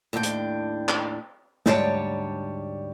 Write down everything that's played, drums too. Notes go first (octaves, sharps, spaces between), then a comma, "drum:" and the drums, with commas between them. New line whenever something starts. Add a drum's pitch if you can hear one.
D#2 A2 D4 F4 G5
drum: hi-hat
drum: clap
D2 G#2 G3 C#5 D5 A5, drum: snare